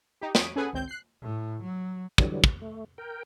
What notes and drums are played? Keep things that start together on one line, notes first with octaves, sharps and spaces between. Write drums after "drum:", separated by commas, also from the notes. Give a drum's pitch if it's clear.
D#4 G4
F2 C#5 D#6 B6 D7 D#7, drum: snare
C#4 G#4 A4 B4 F#5 G#5
G#1 C#2 C4 G6
F#6 C7
A2
F#3
D3 E3 F#3 G3, drum: kick
drum: kick
A3
A#4 G5